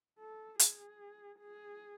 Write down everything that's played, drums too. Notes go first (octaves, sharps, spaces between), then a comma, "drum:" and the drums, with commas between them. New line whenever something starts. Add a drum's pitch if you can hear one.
A4
G#4, drum: hi-hat
G#4